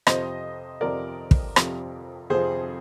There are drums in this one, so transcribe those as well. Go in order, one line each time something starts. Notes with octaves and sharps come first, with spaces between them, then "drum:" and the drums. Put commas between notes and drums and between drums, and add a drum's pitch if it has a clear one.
F2 C3 F3 C5 D#5, drum: rim click
F2 C3 F3 A#4 D5
drum: kick
F2 C3 F3, drum: rim click
F2 C3 F3 G#4 C5